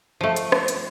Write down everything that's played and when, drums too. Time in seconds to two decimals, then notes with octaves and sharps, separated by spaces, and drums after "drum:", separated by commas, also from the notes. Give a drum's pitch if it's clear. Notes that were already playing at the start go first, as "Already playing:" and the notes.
0.21 F3 A3
0.36 drum: hi-hat
0.52 drum: rim click
0.68 drum: hi-hat